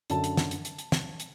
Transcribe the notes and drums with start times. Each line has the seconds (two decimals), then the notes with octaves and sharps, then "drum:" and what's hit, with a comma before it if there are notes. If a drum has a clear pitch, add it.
0.10 F#2 D3 F#3 A5, drum: hi-hat
0.24 drum: hi-hat
0.37 drum: snare
0.51 drum: hi-hat
0.65 drum: hi-hat
0.79 drum: hi-hat
0.92 drum: snare
1.20 drum: hi-hat